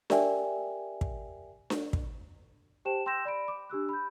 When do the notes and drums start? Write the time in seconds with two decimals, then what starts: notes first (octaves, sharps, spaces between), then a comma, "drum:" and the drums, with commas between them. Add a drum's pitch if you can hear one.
0.10 G4 A#4 D5 E5 G5 G#5, drum: snare D4
1.01 drum: kick
1.70 drum: snare D4
1.93 drum: kick
2.85 G4 C5 G5 A5 E7
3.06 G5 C6 E6 G6 A#6 E7
3.25 D5 B5 D7
3.48 D6
3.70 D4 G4 E6 F#6
3.89 B5 G6